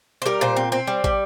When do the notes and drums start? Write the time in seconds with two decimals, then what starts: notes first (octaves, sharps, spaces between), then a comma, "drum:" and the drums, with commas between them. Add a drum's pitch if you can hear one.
0.22 C5
0.26 G3 A#4
0.41 A#2 C5
0.57 C4
0.72 C4
0.87 G3
1.04 G3, drum: kick